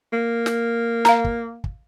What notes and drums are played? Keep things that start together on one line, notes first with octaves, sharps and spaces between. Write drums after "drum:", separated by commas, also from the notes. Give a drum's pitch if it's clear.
A#3
drum: snare
F5 A#5, drum: snare
drum: kick
drum: kick